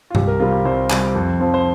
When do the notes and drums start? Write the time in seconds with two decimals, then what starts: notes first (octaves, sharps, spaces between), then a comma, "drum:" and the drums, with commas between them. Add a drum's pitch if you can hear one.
0.10 F4
0.15 C2 G4, drum: tom G2
0.28 A#4
0.40 C3 G3 C4 F4
0.52 G4
0.65 C2 C5
0.90 C3 G3 C4, drum: clap
1.15 F2
1.40 F3 C4
1.54 C5